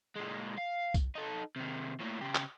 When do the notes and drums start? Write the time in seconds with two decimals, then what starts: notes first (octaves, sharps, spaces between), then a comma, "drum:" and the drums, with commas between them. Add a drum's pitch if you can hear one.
0.16 A#2 G#3
0.58 F5
0.94 drum: kick, tambourine
1.15 D#4 A4
1.56 C3 D#3
2.00 A2 A#3
2.21 C#3 G4
2.35 drum: clap